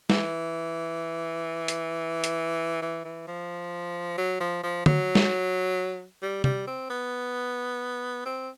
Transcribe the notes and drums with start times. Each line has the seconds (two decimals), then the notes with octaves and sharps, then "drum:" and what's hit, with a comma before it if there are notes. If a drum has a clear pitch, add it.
0.10 E3, drum: snare
1.68 drum: hi-hat
2.24 drum: hi-hat
2.82 E3
3.05 E3
3.27 F3
4.18 F#3
4.40 F3
4.63 F3
4.86 F#3, drum: tom D3
5.15 drum: snare
6.22 G3
6.44 G3, drum: tom
6.67 C4
6.90 B3
8.26 C4